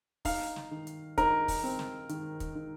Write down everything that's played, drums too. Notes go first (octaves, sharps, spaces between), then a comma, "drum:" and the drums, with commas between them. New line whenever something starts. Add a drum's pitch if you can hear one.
D#4 F5, drum: kick, open hi-hat
drum: snare
D#3
drum: hi-hat
D#4 A#4, drum: kick, hi-hat
drum: kick, open hi-hat
C4
drum: snare
D#3, drum: hi-hat
drum: kick, hi-hat
D#3